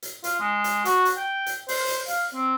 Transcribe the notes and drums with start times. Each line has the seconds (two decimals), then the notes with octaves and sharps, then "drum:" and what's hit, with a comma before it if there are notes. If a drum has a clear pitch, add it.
0.02 drum: hi-hat
0.24 F4, drum: hi-hat
0.40 G#3
0.64 drum: hi-hat
0.85 F#4, drum: hi-hat
1.05 drum: hi-hat
1.17 G5
1.46 drum: hi-hat
1.68 C5, drum: open hi-hat
1.88 drum: hi-hat
2.08 F5, drum: hi-hat
2.34 C4